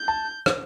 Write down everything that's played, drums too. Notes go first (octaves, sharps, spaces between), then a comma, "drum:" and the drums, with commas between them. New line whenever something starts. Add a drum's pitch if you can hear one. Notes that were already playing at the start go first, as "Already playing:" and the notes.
Already playing: G6
A5
drum: rim click